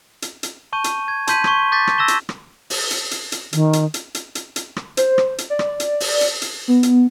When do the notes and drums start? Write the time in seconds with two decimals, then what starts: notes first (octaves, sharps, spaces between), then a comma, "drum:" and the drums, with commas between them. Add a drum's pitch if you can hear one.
0.22 drum: hi-hat
0.43 drum: hi-hat
0.73 A5 C#6 G6 D#7
0.84 drum: hi-hat
1.08 G#6
1.27 A5 C6 G6 B6 D#7, drum: hi-hat
1.44 C#6 G#6, drum: rim click
1.72 D6 G6 A6 B6
1.87 drum: rim click
1.98 E6 A#6 E7 G7
2.08 drum: hi-hat
2.29 drum: rim click
2.70 drum: open hi-hat
2.91 drum: hi-hat
3.11 drum: hi-hat
3.32 drum: hi-hat
3.53 D#3, drum: hi-hat
3.73 drum: hi-hat
3.94 drum: hi-hat
4.15 drum: hi-hat
4.35 drum: hi-hat
4.56 drum: hi-hat
4.76 drum: rim click
4.97 C5, drum: hi-hat
5.18 drum: rim click
5.38 drum: hi-hat
5.50 D5
5.59 drum: rim click
5.80 drum: hi-hat
6.00 drum: open hi-hat
6.21 drum: hi-hat
6.42 drum: hi-hat
6.68 B3
6.83 drum: hi-hat